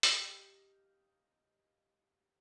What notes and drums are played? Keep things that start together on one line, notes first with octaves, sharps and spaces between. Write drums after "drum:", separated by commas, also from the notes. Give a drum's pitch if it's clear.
D#4 G4 F5, drum: hi-hat